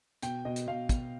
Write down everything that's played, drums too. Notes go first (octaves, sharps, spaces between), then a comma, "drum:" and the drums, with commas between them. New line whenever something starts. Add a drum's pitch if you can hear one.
B2 G5, drum: hi-hat
B2 D#5
drum: hi-hat
B2 F5
B2, drum: kick, hi-hat